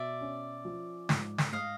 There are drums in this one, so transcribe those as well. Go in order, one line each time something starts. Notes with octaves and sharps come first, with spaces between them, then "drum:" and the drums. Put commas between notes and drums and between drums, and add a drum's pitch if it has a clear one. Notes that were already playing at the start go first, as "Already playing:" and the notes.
Already playing: B2 D5 E5
C#4
F3
G#2, drum: snare
drum: snare
G#2 D#5 F5